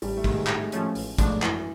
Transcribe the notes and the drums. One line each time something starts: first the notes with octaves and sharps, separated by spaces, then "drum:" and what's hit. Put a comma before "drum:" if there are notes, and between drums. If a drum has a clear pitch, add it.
A1 G3, drum: open hi-hat
A3
G#2 D#3, drum: kick
G#3
A2 A3, drum: clap
G#3
F3 A3 C#4, drum: hi-hat
A1, drum: open hi-hat
G#2 F3 A3 D4, drum: kick, hi-hat
F#2 E3, drum: clap